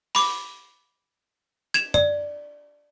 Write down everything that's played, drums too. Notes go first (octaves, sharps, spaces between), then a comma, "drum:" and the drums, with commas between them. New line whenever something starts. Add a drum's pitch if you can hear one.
B5 D6, drum: open hi-hat
G#6 E7 F7, drum: cymbal
D5, drum: tom